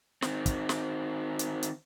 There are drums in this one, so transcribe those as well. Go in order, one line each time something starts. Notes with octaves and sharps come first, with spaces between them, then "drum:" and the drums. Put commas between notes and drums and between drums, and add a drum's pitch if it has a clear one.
D#3 C4, drum: snare
drum: kick, hi-hat
drum: snare
drum: hi-hat
drum: hi-hat